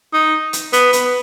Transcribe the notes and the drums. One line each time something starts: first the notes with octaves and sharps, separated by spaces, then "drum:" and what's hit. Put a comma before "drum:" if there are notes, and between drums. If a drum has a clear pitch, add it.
D#4
drum: hi-hat
B3, drum: hi-hat
B3, drum: hi-hat